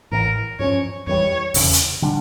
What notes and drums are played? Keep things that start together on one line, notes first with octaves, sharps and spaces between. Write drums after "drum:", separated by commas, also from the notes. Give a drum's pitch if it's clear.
A1 A2 E3 A#4
G2 F3 C#4 C#5
F2 E3 G3 C#5
F1 E2 C#3, drum: open hi-hat
drum: hi-hat
D3 G3 D4